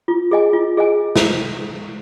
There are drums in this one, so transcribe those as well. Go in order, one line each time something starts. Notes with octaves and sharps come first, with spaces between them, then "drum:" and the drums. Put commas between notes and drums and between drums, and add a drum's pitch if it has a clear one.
F4
G#4 D#5 G#5
F4
G#4 D#5 G#5
drum: snare